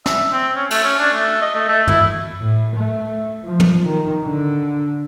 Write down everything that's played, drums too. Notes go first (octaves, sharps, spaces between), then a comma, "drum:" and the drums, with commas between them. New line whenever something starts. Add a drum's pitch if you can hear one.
E5, drum: snare
C4
C#4
A3, drum: cymbal
C#4
D4
A3
D#5
A3
A3
E4, drum: tom
A2
A3
F3
drum: tom
D#3
D3